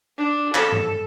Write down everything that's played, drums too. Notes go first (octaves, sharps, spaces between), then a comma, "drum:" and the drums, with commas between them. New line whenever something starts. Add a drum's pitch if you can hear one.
D4
A4, drum: clap
drum: tom G#2